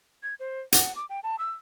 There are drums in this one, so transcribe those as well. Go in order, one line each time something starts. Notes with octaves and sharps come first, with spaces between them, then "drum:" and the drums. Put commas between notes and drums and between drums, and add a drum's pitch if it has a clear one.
G#6
C5
F#5, drum: hi-hat
D6
G5
A5
E6